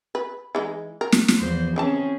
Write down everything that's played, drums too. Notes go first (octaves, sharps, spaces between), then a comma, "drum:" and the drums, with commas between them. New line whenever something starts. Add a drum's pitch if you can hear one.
B4
E3 G#3 D#4
A#4
drum: snare
drum: snare
E2 F3 C5
C#3 E3 C4 C#4 G#4 A5